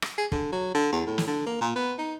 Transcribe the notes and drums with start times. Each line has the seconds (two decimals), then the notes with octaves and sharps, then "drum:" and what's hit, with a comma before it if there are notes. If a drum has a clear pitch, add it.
0.02 drum: rim click
0.18 G#4
0.32 D3, drum: kick
0.52 F#3
0.74 D3
0.92 E2
1.07 A2
1.18 drum: snare
1.27 D3
1.46 A#3
1.61 A#2
1.75 B3
1.98 D#4